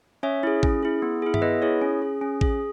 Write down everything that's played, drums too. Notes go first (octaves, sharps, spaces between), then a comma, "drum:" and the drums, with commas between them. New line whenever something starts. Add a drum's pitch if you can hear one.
C#4 C#5 E5
E4 G#4
C#4, drum: kick A1
E4 G#4
B3
E4 G#4
E5, drum: tom G2
B3 B4 D#5
E4 G#4 C#5
C#4
G#4
C#4
G#4, drum: kick A1